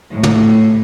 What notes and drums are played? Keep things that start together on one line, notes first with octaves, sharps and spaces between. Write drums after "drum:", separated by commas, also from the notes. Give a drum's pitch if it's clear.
A2
drum: tom